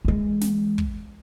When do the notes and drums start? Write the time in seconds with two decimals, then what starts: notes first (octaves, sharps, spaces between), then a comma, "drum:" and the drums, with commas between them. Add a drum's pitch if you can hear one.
0.05 E3 G#3
0.41 drum: snare
0.78 drum: kick